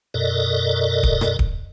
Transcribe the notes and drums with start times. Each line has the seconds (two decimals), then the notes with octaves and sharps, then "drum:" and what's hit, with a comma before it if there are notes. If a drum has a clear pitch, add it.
0.14 F#2 B2 A4 A#4 D5 D#5
1.03 drum: kick D1
1.21 drum: rim click
1.39 drum: kick D1